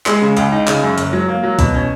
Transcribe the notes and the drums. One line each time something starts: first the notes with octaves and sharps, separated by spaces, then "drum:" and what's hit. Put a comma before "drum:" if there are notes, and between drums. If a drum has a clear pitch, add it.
G#3, drum: clap
C#3
C#2, drum: hi-hat
D#4
C#3, drum: clap
F#2
F#1, drum: hi-hat
F#3
A#3
F#3
B2, drum: kick, hi-hat
C#4